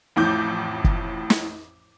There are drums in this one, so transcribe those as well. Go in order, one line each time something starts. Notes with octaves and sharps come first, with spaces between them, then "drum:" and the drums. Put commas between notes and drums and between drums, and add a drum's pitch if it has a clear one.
A1 F2 A2 D6 G6
drum: kick
drum: snare